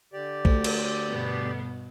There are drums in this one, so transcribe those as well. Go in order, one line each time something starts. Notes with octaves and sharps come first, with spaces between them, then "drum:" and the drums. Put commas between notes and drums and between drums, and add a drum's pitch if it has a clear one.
D3 G4 D5
D2, drum: kick
drum: cymbal
G2 B2 B3